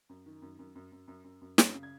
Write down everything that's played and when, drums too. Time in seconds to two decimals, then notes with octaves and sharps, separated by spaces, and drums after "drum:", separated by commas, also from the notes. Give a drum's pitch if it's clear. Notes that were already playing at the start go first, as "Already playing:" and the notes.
0.09 F#2
0.26 D#3
0.42 F#2
0.59 F#2
0.75 F#2
0.92 F#2
1.08 F#2
1.24 F#2
1.42 F#2
1.58 F#2, drum: snare
1.75 C#3
1.83 G#6